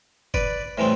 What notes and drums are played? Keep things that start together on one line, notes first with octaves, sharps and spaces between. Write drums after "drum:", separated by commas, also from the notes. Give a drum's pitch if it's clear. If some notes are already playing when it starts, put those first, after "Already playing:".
B4 D5, drum: kick F#1
A2 E3 G3 C4